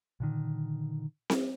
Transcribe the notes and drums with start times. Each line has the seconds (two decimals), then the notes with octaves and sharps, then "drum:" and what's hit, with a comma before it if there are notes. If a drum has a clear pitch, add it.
0.20 A#2 D3 D#3
1.30 drum: snare C4